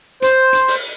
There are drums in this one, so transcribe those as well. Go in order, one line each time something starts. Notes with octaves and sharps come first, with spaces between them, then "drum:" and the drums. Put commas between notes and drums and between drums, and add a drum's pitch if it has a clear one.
C5, drum: hi-hat
drum: hi-hat
drum: open hi-hat